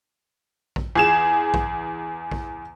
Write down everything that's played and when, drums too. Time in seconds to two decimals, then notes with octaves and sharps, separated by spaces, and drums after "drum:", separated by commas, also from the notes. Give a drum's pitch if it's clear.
0.76 drum: kick A#1
0.96 E2 G#4 E7
1.54 drum: kick A#1
2.31 drum: kick A#1